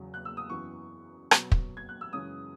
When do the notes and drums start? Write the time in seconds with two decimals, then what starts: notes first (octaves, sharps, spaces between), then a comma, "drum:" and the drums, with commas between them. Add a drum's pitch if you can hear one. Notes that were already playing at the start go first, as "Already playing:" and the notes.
Already playing: E2 C#3 F#3
0.14 F#6
0.25 E6
0.37 D#6
0.50 F#2 E3 B3 C#6
1.31 B2 F#3 B3, drum: rim click
1.52 drum: kick
1.77 G#6
1.89 F#6
2.01 E6
2.13 F#2 C#3 E3 G#3 C#4 D#6